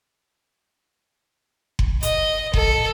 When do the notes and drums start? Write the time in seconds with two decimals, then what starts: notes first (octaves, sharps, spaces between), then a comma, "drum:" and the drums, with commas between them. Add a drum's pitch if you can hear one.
1.79 drum: kick F#1
2.03 D#5, drum: hi-hat
2.54 A4, drum: kick F#1